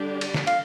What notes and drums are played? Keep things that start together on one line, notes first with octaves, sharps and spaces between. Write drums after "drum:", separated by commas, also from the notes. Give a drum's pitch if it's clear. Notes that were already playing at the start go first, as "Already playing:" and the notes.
Already playing: D3 G3 D4 G4 D5
drum: cymbal
drum: snare
F5, drum: cymbal